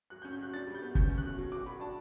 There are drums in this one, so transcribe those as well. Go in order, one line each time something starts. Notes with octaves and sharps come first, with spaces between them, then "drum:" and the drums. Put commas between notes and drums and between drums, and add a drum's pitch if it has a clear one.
F#3 F#6
G6
C#4
G6
F#3 F#6
D4 A6
G3
G6
B3
C#4 G6, drum: kick
C#4
F#6
B2
F#3
F#3 D6
F#3 B5
D4 A5